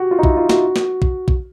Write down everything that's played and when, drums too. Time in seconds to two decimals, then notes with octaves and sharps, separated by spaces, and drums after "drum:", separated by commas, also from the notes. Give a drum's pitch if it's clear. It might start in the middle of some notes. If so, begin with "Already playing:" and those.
Already playing: F#4 G4
0.11 F4
0.19 D#4
0.23 E4, drum: kick
0.37 F4
0.49 F#4, drum: snare
0.76 drum: snare
1.02 drum: kick
1.28 drum: kick